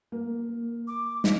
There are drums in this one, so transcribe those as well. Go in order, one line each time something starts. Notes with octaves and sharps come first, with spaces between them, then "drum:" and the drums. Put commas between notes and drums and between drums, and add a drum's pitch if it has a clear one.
A#3
D6
drum: snare